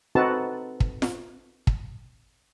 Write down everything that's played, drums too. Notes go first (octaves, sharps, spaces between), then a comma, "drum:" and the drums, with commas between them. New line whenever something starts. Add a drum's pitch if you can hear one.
C4 D#4 F#4 A4 B4 A5
drum: kick
drum: snare F4
drum: kick